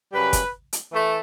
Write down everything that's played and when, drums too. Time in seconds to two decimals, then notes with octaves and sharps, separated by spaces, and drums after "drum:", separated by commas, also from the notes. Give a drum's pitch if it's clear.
0.13 F#2 C#3 G3 B4
0.33 drum: kick, hi-hat
0.73 drum: hi-hat
0.93 E3 A3